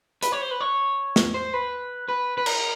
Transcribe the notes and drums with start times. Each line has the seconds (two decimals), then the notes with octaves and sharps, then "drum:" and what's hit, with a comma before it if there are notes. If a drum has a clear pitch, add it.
0.23 B4, drum: hi-hat
0.32 C#5
0.42 C5
0.51 B4
0.61 C#5
1.16 drum: snare
1.34 C5
1.53 B4
2.08 B4
2.38 B4
2.46 A#4, drum: cymbal